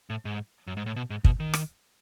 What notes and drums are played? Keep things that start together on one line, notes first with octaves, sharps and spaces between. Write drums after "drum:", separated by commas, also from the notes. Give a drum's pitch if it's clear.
A2
G#2
F#2
G#2
A2
B2
G#2
B2, drum: kick
D#3
drum: rim click